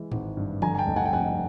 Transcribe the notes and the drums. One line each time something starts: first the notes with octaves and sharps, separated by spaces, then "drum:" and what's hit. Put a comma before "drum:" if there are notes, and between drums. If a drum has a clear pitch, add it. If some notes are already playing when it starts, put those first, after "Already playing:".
Already playing: E3 G#3
G#1, drum: tom G#2
G2
D3 G#5 A#5, drum: tom E3
G#5
G5 A5
F1
F#5 G#5
G5
F1 F#5 G#5